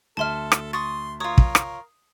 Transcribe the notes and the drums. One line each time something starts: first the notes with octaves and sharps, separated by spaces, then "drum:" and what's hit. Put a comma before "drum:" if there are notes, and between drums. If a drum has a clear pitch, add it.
D2 A4 E5 A5 C6 F6
drum: rim click
C6 C#6 D#6 A6
F4 A#4 C#5 D#6
drum: kick
drum: rim click